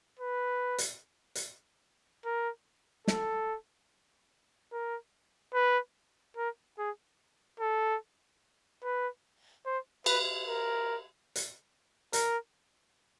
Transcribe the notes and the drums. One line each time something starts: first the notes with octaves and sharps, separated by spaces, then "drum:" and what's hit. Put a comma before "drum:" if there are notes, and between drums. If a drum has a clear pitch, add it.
B4
drum: hi-hat
drum: hi-hat
A#4
A4, drum: snare
A#4
B4
A#4
G#4
A4
B4
C5
B4, drum: cymbal
A#4
drum: hi-hat
A#4, drum: hi-hat